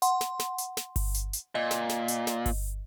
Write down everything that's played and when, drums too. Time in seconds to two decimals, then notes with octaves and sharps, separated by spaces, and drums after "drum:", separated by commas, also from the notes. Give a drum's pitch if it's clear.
0.02 F#5 C6, drum: hi-hat
0.21 drum: snare
0.39 drum: snare
0.58 drum: hi-hat
0.77 drum: snare
0.96 drum: kick G1, open hi-hat
1.14 drum: hi-hat
1.33 drum: hi-hat
1.55 A#2 D#5
1.71 drum: snare
1.89 drum: snare
2.08 drum: hi-hat
2.27 drum: snare
2.46 drum: kick G1, open hi-hat